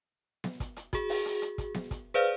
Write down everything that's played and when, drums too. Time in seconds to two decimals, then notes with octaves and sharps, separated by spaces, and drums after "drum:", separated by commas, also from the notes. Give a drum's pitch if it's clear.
0.44 drum: snare B3
0.60 drum: kick, hi-hat
0.76 drum: hi-hat
0.93 F#4 G#4, drum: kick, hi-hat
1.09 drum: open hi-hat
1.25 drum: hi-hat
1.42 drum: hi-hat
1.58 drum: kick, hi-hat
1.74 drum: snare B3
1.91 drum: kick, hi-hat
2.14 G#4 B4 C5 D5 F5 F6